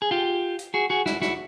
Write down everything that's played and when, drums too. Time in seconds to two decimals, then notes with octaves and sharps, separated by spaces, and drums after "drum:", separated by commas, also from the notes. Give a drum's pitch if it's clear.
0.02 G#4
0.11 F4 G4
0.59 drum: hi-hat
0.74 F#4 G#4
0.90 F#4 G#4
1.06 E4 F#4, drum: snare
1.22 E4 F#4, drum: snare